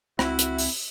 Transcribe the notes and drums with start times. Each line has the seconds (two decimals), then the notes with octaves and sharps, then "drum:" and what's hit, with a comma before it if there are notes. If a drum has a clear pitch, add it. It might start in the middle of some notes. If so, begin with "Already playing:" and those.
0.19 C#2 C4 E4 F#4 E5, drum: rim click
0.39 drum: hi-hat
0.58 drum: open hi-hat